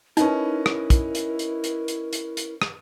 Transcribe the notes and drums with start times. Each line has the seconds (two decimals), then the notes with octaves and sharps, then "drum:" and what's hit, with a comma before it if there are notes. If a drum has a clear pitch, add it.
0.17 C#4 D#4 E4 A#4 B4 D#5, drum: hi-hat
0.66 drum: rim click
0.90 drum: kick, hi-hat
1.15 drum: hi-hat
1.39 drum: hi-hat
1.64 drum: hi-hat
1.88 drum: hi-hat
2.13 drum: hi-hat
2.37 drum: hi-hat
2.62 drum: rim click